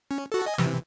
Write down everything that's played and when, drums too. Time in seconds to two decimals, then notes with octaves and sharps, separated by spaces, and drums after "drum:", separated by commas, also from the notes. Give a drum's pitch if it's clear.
0.11 C#4
0.32 F#4 A4
0.46 D#5 G#5
0.58 C3 E3, drum: snare